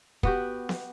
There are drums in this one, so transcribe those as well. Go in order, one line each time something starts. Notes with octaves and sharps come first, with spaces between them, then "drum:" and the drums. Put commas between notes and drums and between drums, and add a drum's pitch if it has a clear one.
B3 F#4 G4, drum: kick
drum: snare B3